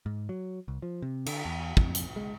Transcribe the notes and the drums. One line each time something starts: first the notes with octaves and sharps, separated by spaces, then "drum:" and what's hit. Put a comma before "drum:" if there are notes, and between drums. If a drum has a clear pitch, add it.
G#2
F#3
C2
F3
C3
D3, drum: cymbal
E2
F2, drum: kick
drum: hi-hat
G#3